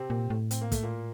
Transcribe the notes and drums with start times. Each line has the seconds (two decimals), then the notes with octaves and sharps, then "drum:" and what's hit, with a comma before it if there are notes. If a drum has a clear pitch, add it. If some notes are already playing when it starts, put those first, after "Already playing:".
Already playing: C3 C4
0.10 A#2
0.30 A2
0.51 C4, drum: hi-hat
0.61 A#3
0.72 A3, drum: kick, hi-hat
0.83 A#2 A#3